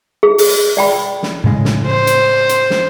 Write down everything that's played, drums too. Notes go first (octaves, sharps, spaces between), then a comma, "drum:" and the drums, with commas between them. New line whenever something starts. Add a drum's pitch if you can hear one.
G#4
drum: open hi-hat
D5 G5 B5
drum: snare
A2 C#3 G#3
drum: snare
C5
drum: hi-hat
drum: hi-hat
drum: snare